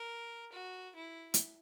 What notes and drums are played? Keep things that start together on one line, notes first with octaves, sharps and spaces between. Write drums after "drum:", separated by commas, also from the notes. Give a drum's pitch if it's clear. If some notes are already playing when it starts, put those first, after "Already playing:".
Already playing: A#4
F#4
E4
drum: hi-hat